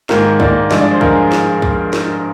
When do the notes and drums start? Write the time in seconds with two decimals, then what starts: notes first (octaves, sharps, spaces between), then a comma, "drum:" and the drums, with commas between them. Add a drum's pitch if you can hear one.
0.09 G#2 D#3 A#3 A#4, drum: snare
0.40 G#2 D#3 A#3 D5, drum: kick
0.71 G2 F3 G#3 D5, drum: snare
0.81 D5
0.91 C5
1.01 G2 F3 G#3 A#4, drum: kick
1.11 G#4
1.32 drum: snare
1.62 drum: kick
1.93 drum: snare